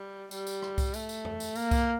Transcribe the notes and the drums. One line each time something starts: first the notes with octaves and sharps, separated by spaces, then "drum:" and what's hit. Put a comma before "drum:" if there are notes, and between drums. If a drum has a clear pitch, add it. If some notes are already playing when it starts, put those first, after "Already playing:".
Already playing: G3
G3, drum: tambourine
drum: tambourine
drum: rim click
drum: kick C2, tambourine
A3, drum: tambourine
drum: tambourine
drum: tom E2
drum: tambourine
A#3, drum: tambourine
drum: kick C2, tambourine